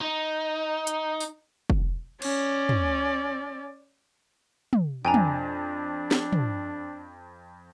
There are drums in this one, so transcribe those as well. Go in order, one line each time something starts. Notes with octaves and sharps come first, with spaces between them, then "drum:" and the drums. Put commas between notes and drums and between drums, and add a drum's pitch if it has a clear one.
D#4
drum: hi-hat
drum: tambourine
drum: kick
C#4 D5, drum: cymbal
drum: tom
drum: tom
F2 D4 G5 G#5 A#5
drum: tom
drum: snare
drum: tom